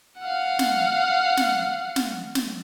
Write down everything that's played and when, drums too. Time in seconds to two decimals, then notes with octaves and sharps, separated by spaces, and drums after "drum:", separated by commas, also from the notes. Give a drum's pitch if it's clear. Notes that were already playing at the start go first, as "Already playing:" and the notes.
0.20 F5 F#5
0.59 drum: snare
1.37 drum: snare
1.96 drum: snare
2.35 drum: snare